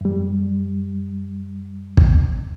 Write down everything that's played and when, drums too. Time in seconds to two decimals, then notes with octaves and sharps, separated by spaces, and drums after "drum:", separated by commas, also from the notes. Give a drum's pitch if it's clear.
0.01 F#2 G3
1.97 drum: kick